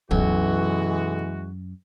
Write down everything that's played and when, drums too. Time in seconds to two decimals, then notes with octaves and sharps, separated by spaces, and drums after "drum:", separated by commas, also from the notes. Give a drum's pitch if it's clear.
0.11 B1 F#2 E3 G#3 F#4, drum: kick